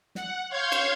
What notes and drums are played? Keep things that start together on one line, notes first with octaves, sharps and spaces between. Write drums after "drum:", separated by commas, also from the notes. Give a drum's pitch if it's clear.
F#5, drum: snare
C#5 F5 C6 G6 G#6
drum: cymbal